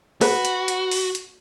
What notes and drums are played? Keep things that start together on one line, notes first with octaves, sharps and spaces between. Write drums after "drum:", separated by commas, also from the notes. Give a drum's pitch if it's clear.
F#4 B4, drum: open hi-hat
drum: hi-hat
drum: hi-hat
drum: open hi-hat
drum: hi-hat